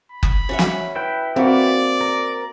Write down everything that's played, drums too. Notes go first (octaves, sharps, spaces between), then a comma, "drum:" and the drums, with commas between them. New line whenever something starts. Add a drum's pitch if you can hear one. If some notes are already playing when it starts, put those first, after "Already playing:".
B5
drum: kick F#1
C#4 F#4 E5
drum: snare
E4 B4 G5
A#3 C4 F#4 D5
A#4